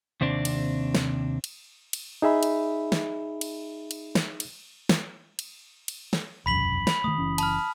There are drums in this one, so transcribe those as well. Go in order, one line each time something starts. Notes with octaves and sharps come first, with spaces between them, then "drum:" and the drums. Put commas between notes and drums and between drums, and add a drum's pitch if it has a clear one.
D#2 C3 C4 D4
drum: cymbal
drum: snare
drum: cymbal
drum: cymbal
D#4 G#4 E5 B5
drum: cymbal
drum: snare
drum: cymbal
drum: cymbal
drum: snare
drum: cymbal
drum: snare
drum: cymbal
drum: cymbal
drum: snare
E1 C2 F#2 B5 B6 F#7
B5, drum: snare
D#3 A3 D#6
F#1 E3 C#4
A5 B5 F6, drum: cymbal